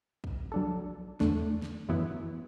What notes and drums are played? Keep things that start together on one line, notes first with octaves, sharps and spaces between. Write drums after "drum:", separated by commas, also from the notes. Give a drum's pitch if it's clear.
drum: kick
F#3 D4 A4
E2 D3 A3 D4, drum: snare
drum: snare
F#2 E3 B3 E4